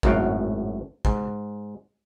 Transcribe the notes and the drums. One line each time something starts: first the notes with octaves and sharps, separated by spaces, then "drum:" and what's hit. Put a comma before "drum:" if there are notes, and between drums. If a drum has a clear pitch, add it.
G#1 F#2 A2 F#4 F5 G5, drum: kick
G#2, drum: kick